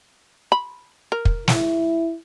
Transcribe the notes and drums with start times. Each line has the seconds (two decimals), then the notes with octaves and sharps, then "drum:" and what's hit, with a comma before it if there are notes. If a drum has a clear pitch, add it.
0.52 B5
1.12 A#4
1.25 drum: kick
1.48 E4, drum: snare